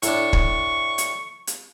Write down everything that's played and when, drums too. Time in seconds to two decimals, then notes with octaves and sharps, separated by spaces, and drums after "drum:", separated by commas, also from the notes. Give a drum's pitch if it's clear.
0.03 A2 D4 C#6, drum: hi-hat
0.33 drum: kick
0.98 drum: hi-hat
1.47 drum: hi-hat